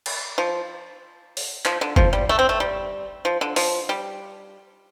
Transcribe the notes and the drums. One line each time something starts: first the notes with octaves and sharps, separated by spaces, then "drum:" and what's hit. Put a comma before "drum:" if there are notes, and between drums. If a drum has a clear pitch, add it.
drum: cymbal
F3
drum: open hi-hat
F3, drum: clap
D3
F3, drum: kick
G3
A3
C4
A3
G3
F3
D3
F3, drum: open hi-hat
G3